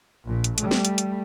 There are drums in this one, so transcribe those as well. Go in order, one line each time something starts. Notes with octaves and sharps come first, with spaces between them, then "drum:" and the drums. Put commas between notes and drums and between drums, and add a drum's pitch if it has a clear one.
A#1 A#2
drum: hi-hat
G3 A3, drum: hi-hat
drum: snare
drum: hi-hat
drum: hi-hat